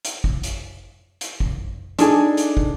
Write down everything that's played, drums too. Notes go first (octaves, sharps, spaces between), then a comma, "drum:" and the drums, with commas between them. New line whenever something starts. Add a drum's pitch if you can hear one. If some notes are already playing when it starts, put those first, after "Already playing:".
drum: hi-hat
drum: kick
drum: hi-hat
drum: hi-hat
drum: kick
D4 D#4 G#4 A4, drum: hi-hat
drum: hi-hat
drum: kick